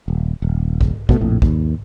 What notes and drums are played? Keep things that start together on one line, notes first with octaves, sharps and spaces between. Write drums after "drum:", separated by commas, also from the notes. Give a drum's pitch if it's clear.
D#1
D#1
drum: kick
B2 F3 A3, drum: kick
A#1 F2 A2
D#2, drum: kick